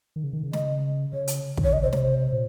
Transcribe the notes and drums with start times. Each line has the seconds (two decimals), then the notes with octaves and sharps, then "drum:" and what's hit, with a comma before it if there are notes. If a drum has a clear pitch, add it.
0.16 D#3
0.24 C#3
0.33 D#3
0.43 C#3
0.53 D#5, drum: snare
1.13 C#3 C#5
1.27 drum: hi-hat
1.57 D#3, drum: kick
1.64 C#5
1.72 C#3 D#5
1.83 C5
1.87 C3
1.93 C#5, drum: snare
2.02 C5
2.32 A#2